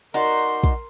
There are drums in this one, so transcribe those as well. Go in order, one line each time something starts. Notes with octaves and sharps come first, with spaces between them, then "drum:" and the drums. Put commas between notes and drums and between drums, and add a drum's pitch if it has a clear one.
D#4 F#4 A#4 D5 C6
drum: hi-hat
drum: kick, hi-hat